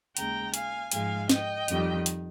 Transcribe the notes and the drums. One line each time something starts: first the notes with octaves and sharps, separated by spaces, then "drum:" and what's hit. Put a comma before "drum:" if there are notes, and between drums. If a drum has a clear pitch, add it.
D#2 C#3 G#3 G5 A#5, drum: hi-hat
F5 G#5, drum: hi-hat
G#2 F3 G#3 F5 G#5, drum: hi-hat
D#5 G5, drum: snare
F2 D#3 G3, drum: hi-hat
drum: hi-hat